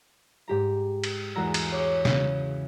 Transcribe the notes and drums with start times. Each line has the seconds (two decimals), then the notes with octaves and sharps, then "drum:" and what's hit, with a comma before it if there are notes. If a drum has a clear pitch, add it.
0.48 G#2 G4 A#5
1.04 drum: cymbal
1.35 E2 G#3 F#4 F#5 A#5 E6
1.54 drum: cymbal
1.72 C#5 D6
2.05 C#3, drum: snare